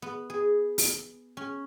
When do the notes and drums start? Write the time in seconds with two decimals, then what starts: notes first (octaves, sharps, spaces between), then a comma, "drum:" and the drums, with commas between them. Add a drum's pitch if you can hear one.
0.02 B3
0.30 G#4
0.78 drum: open hi-hat
1.37 C#4